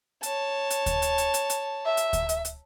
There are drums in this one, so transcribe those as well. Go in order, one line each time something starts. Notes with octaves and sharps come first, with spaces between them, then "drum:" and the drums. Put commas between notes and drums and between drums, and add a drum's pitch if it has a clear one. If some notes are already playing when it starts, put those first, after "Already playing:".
C#5 A5, drum: hi-hat
drum: hi-hat
drum: kick D2, hi-hat
drum: hi-hat
drum: hi-hat
drum: hi-hat
drum: hi-hat
E5
drum: hi-hat
drum: kick D2, hi-hat
drum: hi-hat
drum: hi-hat